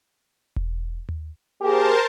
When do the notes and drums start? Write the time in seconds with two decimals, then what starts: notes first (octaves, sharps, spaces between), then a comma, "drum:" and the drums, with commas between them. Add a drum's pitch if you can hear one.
0.56 drum: kick E1
1.09 drum: tom D#2
1.61 A#3 G4 G#4 A#4 C5 A5